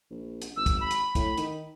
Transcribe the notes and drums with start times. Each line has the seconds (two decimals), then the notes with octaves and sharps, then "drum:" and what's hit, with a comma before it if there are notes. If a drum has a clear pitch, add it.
0.10 A#1
0.42 drum: hi-hat
0.56 G#1 E6
0.66 drum: kick, hi-hat
0.81 B5
0.91 drum: hi-hat
1.15 A2, drum: kick, hi-hat
1.37 D#3, drum: hi-hat